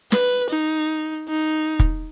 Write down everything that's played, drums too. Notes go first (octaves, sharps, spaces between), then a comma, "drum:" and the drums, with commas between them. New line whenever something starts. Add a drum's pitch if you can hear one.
B4, drum: snare
D#4
D#4
drum: kick